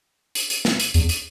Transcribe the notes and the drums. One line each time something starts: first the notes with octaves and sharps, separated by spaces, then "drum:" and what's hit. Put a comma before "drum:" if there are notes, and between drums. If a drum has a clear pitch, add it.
drum: hi-hat
drum: hi-hat
drum: snare
drum: hi-hat
E2, drum: hi-hat
drum: hi-hat